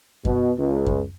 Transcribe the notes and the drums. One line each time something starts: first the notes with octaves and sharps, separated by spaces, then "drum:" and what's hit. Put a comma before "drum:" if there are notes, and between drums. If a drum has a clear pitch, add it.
B2, drum: kick F#2
C#2
drum: kick F#2